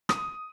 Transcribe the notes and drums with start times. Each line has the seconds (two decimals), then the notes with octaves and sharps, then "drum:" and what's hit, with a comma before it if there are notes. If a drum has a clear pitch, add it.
0.09 D#6, drum: rim click